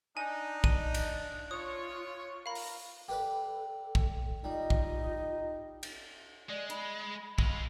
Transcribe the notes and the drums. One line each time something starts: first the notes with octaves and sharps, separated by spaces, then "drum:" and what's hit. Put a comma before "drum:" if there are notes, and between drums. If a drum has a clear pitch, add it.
D4 D#4 G#5
D#7, drum: kick
drum: cymbal
F4 C#5 D#6
A#4 F5 B5
drum: open hi-hat
G4 A4 B4 D5
drum: kick
G3 D#4 F4 D#5
drum: kick
drum: cymbal
G#3 D5
B5, drum: hi-hat
G#3 F4, drum: kick